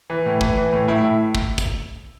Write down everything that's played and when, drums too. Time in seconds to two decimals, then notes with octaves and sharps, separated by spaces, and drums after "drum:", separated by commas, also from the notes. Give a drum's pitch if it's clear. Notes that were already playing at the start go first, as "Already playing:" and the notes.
0.10 E3
0.26 A2
0.41 E3, drum: kick
0.57 E3
0.72 A2
0.88 A2 E4
1.03 A2
1.35 drum: kick
1.58 drum: kick, tambourine